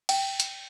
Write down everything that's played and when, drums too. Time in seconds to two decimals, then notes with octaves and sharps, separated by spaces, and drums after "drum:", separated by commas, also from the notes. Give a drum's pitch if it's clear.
0.09 G5, drum: cymbal
0.40 drum: hi-hat